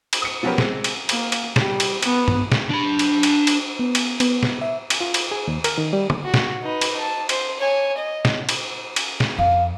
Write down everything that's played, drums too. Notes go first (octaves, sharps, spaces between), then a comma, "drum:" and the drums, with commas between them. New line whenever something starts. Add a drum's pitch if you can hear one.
drum: cymbal
D#6 C#7
F3 F#3 B3 C#4 G4 A#4
G#3 C4, drum: snare
drum: cymbal
A#3, drum: cymbal
drum: cymbal
G3, drum: snare
drum: cymbal
B3, drum: cymbal
drum: tom G2
drum: snare
D4 B5
drum: cymbal
drum: cymbal
drum: cymbal
B3
drum: cymbal
B3, drum: cymbal
drum: snare
E5
drum: cymbal
F4
drum: cymbal
G#4
D#2
A#4, drum: cymbal
D#3
G3
drum: tom D3
F#4
drum: snare
D#4 B4
drum: cymbal
A5
C5, drum: cymbal
C#5 G#5
D#5
drum: snare
drum: cymbal
drum: cymbal
drum: snare
F2 F5